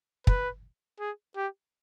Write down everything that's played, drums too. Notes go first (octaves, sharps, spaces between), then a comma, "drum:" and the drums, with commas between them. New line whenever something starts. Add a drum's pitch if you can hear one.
B4, drum: kick
G#4
G4